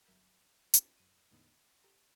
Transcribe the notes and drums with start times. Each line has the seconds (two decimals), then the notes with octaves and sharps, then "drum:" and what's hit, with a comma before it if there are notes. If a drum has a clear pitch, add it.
0.05 G1 F#3 A#4 E5 B5 G6
0.74 C4 D4 E4 F4 G4 B4, drum: hi-hat
0.97 F#2 D#7
1.31 E2 A2 D3 G#3 B3 D#4
1.53 G#6
1.84 G4 A4 A#5